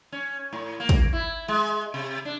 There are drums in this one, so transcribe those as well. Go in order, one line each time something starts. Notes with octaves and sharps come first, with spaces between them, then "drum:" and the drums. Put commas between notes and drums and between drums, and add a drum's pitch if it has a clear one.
C#4
A2
A#3
drum: kick, hi-hat
E4
G#3
C3
D4